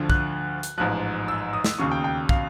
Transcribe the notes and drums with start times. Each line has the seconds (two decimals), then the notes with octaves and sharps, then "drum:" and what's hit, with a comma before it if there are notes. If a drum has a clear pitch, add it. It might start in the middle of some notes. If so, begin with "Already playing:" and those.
Already playing: D2 D3 F3
0.10 F#6, drum: kick
0.63 drum: hi-hat
0.78 A1 G#2 F3 F#6
1.28 E6
1.53 D#6
1.64 drum: snare
1.78 E1 D#2 C#3 C#6
1.92 G5
2.04 G5
2.29 F5, drum: kick